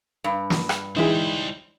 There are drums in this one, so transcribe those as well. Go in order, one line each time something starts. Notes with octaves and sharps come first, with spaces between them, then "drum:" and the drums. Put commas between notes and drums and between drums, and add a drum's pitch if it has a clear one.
G2
drum: snare
drum: rim click
D3 E3 G3 G#3 D#4 E4 C5 G5